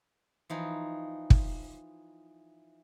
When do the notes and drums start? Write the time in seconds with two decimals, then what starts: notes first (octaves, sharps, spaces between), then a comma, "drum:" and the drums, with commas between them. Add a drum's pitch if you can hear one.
0.50 E3 F3 D#4
1.30 drum: kick